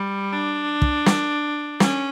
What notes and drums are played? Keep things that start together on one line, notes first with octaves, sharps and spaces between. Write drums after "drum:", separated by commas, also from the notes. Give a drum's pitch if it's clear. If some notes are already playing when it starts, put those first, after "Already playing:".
Already playing: G3
D4
drum: kick
drum: snare
C#4, drum: snare